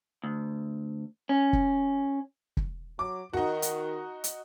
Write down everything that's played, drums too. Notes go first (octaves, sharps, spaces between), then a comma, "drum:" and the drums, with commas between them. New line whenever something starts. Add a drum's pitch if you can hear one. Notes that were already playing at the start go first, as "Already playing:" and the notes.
D2
C#4
drum: kick
drum: kick
F#3 D6
D#3 D#4 F#4
drum: hi-hat
drum: hi-hat